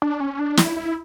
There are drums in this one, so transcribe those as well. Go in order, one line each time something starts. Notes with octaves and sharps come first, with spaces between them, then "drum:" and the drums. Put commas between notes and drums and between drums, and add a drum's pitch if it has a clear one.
D4
C#4
D4
E4, drum: snare
E4